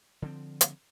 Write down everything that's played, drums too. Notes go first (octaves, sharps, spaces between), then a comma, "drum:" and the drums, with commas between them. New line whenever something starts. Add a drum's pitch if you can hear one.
D3 F3 C4
drum: hi-hat